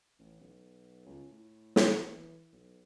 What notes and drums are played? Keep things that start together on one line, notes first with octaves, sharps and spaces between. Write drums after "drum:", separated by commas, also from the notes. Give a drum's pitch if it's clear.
A1
B1
C#2
A2
G#1, drum: snare
E3
B1